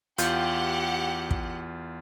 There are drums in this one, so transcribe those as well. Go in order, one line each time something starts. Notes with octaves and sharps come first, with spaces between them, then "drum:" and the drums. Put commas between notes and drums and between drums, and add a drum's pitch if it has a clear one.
E2 F4 G4 F#5 G6, drum: hi-hat
drum: kick